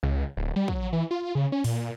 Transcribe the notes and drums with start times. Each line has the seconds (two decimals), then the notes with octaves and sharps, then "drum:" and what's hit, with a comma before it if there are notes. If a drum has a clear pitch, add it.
0.03 C#2
0.37 D1
0.56 G3
0.68 F#3, drum: kick
0.93 E3
1.11 F4
1.35 C#3
1.52 C#4
1.64 A#2, drum: open hi-hat